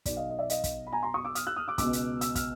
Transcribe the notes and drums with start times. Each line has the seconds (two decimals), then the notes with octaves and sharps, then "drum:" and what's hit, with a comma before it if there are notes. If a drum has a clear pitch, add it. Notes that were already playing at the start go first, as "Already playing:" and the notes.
0.06 B1 B2 D5, drum: kick, hi-hat
0.17 D#5 F5
0.30 D#5
0.39 D5 E5
0.50 D#5 F5, drum: hi-hat
0.64 drum: kick, hi-hat
0.87 B5
0.92 G#5 A#5
1.03 A#5 C6
1.14 C#6 D#6
1.25 D6 E6
1.35 D#6 F6, drum: hi-hat
1.47 E6 F#6
1.56 D#6 F6
1.68 D6 E6
1.78 C#2 B2 D6 E6, drum: kick, hi-hat
1.93 drum: hi-hat
2.21 E6, drum: hi-hat
2.35 F6, drum: kick, hi-hat